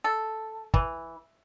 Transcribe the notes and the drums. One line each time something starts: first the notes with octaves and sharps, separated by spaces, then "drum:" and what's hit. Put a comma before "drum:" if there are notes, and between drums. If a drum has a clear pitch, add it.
A4
E3, drum: kick